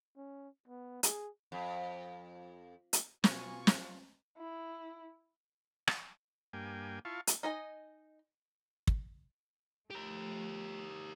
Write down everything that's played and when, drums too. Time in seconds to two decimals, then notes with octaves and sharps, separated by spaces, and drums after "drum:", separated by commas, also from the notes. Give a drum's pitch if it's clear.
0.16 C#4
0.68 B3
1.03 G#4, drum: hi-hat
1.52 F2
2.93 drum: hi-hat
3.24 B2 F4 G#5 C#6, drum: snare
3.67 drum: snare
4.37 E4
5.88 drum: rim click
6.53 G2 A#3 G5 G#5
7.05 E4 F4 F5 A5 C#6
7.27 drum: hi-hat
7.43 D#4 D#5 G#5
8.87 drum: kick
9.91 F3 A3 G4 A#4